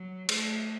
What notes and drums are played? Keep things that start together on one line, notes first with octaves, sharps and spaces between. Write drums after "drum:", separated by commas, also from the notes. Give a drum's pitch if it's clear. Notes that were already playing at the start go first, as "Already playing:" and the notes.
Already playing: F#3
A3, drum: cymbal